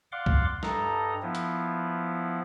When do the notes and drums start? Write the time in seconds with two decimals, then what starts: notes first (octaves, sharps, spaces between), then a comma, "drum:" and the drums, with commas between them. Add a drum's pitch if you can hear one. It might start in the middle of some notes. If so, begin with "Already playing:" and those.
0.12 D5 F5 F#5 C6 D6
0.26 drum: kick C2
0.63 G2 A4 D#5 A#5, drum: snare
1.22 F3 B3 E4
1.35 drum: hi-hat